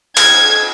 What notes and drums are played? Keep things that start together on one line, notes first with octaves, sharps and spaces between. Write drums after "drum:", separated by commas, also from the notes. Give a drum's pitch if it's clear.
G#6, drum: cymbal